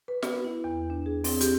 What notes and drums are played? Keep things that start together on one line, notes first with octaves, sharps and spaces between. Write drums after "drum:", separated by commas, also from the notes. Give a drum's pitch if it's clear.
B4
B3, drum: snare
E4
E2
D4
G#4
C4, drum: open hi-hat
G4, drum: hi-hat